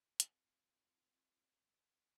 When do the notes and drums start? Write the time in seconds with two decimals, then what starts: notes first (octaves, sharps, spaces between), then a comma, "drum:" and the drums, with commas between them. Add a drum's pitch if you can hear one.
0.20 C4 F4, drum: hi-hat